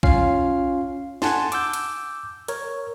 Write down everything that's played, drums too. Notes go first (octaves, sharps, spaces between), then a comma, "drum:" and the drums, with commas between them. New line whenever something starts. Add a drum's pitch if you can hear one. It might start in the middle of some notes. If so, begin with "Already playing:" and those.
C#4 F4 F5 C7, drum: kick A#1
F#5 G#5 A5 C6, drum: snare
D6 E6 G6, drum: hi-hat
drum: hi-hat
A#4 C#5, drum: hi-hat